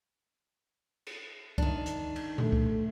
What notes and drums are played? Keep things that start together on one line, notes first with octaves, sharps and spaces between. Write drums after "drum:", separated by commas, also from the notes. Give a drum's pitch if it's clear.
drum: cymbal
D#3 D4, drum: kick C2
drum: hi-hat
drum: cymbal
A3, drum: tom A#2
drum: kick C2